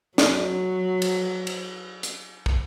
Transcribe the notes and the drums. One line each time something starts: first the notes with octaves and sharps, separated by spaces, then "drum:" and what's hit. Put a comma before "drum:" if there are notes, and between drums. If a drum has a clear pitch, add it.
F#3, drum: snare
drum: cymbal
drum: cymbal
drum: hi-hat
drum: kick